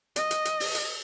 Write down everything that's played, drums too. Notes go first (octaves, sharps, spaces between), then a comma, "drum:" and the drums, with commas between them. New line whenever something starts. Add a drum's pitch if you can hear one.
D#5, drum: hi-hat
drum: hi-hat
drum: hi-hat
drum: open hi-hat
drum: hi-hat